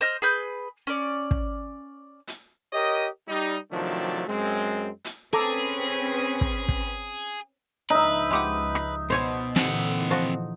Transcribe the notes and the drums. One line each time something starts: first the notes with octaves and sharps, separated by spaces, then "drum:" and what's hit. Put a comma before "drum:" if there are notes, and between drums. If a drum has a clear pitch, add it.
C5 D#5 F6
G#4 B4 G6
C#4 D5
drum: kick
drum: hi-hat
G4 A#4 C#5 D#5
G3 D#4
C3 D#3 F3 F#3 A3 D4
F#2 G#3 C4
drum: hi-hat
C4 C#4 G#4 A4 B4 A#5 D6
drum: kick
drum: kick
C#2 F3 D#4 B4 E5
G#3 G4 F#5
drum: rim click
B2 C5 C#5 G#5
A#2 D3 E3 C4 F#5, drum: snare
F3 F#4 A5